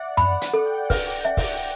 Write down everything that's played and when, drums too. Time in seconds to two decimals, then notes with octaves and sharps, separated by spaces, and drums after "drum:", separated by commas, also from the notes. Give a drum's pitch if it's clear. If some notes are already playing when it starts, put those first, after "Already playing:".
Already playing: D5 E5 F#5
0.17 F#5 B5, drum: tom F#2
0.41 F#5, drum: hi-hat
0.54 A4
0.65 G5
0.90 B4, drum: kick, open hi-hat
1.25 E5
1.37 drum: kick, open hi-hat